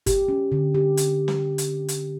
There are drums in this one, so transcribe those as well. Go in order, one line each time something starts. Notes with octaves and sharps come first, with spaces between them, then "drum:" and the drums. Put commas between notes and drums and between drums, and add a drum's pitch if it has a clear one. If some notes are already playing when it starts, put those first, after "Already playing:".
G4, drum: kick G1, hi-hat
C#4
D3
G4
drum: hi-hat
drum: snare
drum: hi-hat
drum: hi-hat